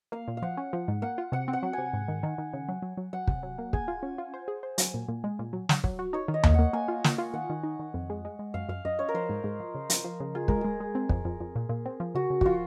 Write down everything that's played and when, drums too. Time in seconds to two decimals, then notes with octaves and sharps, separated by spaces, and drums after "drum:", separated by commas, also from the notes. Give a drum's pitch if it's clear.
0.12 A#3 F5
0.28 A#2
0.37 F5
0.42 F3 F#5
0.57 C#4
0.73 F3
0.88 G#2
1.02 A#3 F#5
1.18 F4
1.32 C3 F#5
1.48 C4
1.53 F#5
1.63 F#3
1.73 C3 G#5
1.93 G#2
2.08 D#3
2.23 D#3
2.38 D#3
2.53 C#3
2.69 F#3
2.82 F#3
2.97 F#3
3.13 F#3 F#5
3.27 C3, drum: kick
3.43 F#3
3.58 A#3
3.73 G#4 G#5, drum: kick
3.88 F4
4.03 C#4
4.18 F4
4.34 C5
4.48 G#4
4.63 C5
4.78 F#3, drum: hi-hat
4.94 A#2
5.08 A#2
5.24 G#3
5.39 A#2
5.53 F#3
5.69 F#3, drum: snare
5.84 F#3, drum: kick
5.99 F#4
6.13 D#4 C#5
6.28 D#3
6.34 D#5
6.43 A#3, drum: tom D#2
6.54 A#3 F#5
6.73 A#3 G#5
6.88 F4
7.04 A#3, drum: snare
7.18 F4
7.34 D#3 F#5
7.50 D#3
7.63 D#4
7.80 D#3
7.94 F2
8.10 G#3
8.25 G#3
8.39 G#3
8.54 F#2 F5
8.69 F#2 F5
8.85 F#2 D#5
8.99 C#4 C#5
9.09 A#4
9.14 F3 C5
9.29 G#2
9.44 G#2
9.60 F3
9.75 C#3
9.90 F3, drum: hi-hat
10.04 F3
10.20 C#3
10.35 F4 G#4
10.48 G#3 A#4, drum: kick
10.61 G#3 G#4
10.80 G#3
10.95 C4
11.09 F2, drum: kick
11.25 F2
11.40 F2
11.56 A#2
11.69 A#2
11.86 C4
12.00 F3
12.15 C#3 F#4
12.30 C#3
12.41 F3 F4 F#4, drum: kick